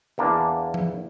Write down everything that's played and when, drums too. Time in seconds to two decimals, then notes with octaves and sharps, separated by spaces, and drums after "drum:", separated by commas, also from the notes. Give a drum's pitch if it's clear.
0.18 E2 A#3 D4
0.74 drum: tom F3